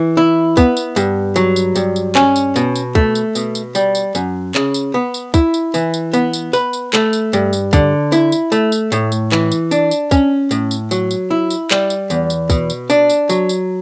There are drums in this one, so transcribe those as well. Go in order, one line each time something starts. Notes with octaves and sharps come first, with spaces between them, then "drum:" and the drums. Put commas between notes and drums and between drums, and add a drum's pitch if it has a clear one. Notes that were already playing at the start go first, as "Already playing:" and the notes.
Already playing: E3
E4
B3, drum: kick, tambourine
drum: tambourine
G2, drum: tambourine
F#3, drum: tambourine
drum: tambourine
G2, drum: tambourine
drum: tambourine
C#4, drum: clap
drum: tambourine
B2, drum: tambourine
drum: tambourine
A3, drum: kick
drum: tambourine
B2, drum: tambourine
drum: tambourine
G3, drum: tambourine
drum: tambourine
F#2, drum: tambourine
C#3, drum: clap
drum: tambourine
B3
drum: tambourine
E4, drum: kick, tambourine
drum: tambourine
E3, drum: tambourine
drum: tambourine
B3, drum: tambourine
drum: tambourine
B4, drum: tambourine
drum: tambourine
A3, drum: clap
drum: tambourine
G2, drum: tambourine
drum: tambourine
D3, drum: kick, tambourine
E4, drum: tambourine
drum: tambourine
A3, drum: tambourine
drum: tambourine
A2, drum: tambourine
drum: tambourine
E3, drum: clap
drum: tambourine
D4, drum: tambourine
drum: tambourine
C#4, drum: kick, tambourine
A2, drum: tambourine
drum: tambourine
F#3, drum: tambourine
drum: tambourine
E4
drum: tambourine
G3, drum: clap
drum: tambourine
E2, drum: tambourine
drum: tambourine
B2, drum: kick, tambourine
drum: tambourine
D4, drum: tambourine
drum: tambourine
F#3, drum: tambourine
drum: tambourine